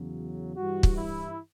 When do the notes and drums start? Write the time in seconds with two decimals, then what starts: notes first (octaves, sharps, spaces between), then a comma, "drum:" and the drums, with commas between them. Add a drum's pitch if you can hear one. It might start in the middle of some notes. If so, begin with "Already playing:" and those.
Already playing: E2 C#3 F#3
0.56 G2 E3 G3 F#4
0.83 drum: kick
0.97 E4